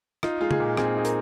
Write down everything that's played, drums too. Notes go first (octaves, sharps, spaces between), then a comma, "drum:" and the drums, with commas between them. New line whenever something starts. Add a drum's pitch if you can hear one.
D#4 F4, drum: rim click
G#3 F4
G#4, drum: tom
A#2
C4 G#4, drum: rim click
D#4 G#4
A#4, drum: hi-hat